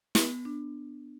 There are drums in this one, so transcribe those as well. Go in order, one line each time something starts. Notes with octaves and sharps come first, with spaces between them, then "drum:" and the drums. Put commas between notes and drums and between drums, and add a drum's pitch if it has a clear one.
B3, drum: snare
D4